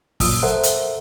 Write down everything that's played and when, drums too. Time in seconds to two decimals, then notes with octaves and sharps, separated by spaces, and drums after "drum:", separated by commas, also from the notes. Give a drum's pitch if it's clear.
0.20 F#2 A#2 F3 D#6 E6, drum: kick, open hi-hat
0.43 A4 A#4 C5 E5 F#5
0.63 drum: hi-hat